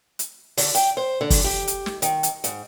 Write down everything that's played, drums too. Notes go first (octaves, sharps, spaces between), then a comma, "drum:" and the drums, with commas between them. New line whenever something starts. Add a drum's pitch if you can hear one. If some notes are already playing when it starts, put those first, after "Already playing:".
drum: hi-hat
D3, drum: open hi-hat
G5, drum: hi-hat
C5
D3
drum: kick, open hi-hat
G4
drum: hi-hat
drum: snare
D#3, drum: hi-hat
drum: hi-hat
G#2, drum: hi-hat